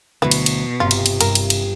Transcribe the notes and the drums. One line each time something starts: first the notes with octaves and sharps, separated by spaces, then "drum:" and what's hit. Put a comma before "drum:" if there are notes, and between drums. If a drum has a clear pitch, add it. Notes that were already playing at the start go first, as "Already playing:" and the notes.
D2 B2 F#3 E4 B4
drum: cymbal
drum: cymbal
G1 C3 F4
drum: cymbal
drum: cymbal
G2 A#4, drum: cymbal
drum: cymbal
drum: cymbal